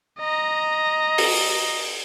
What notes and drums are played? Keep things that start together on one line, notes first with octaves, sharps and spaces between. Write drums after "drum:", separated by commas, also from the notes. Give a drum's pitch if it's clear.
D#5 A#5
drum: open hi-hat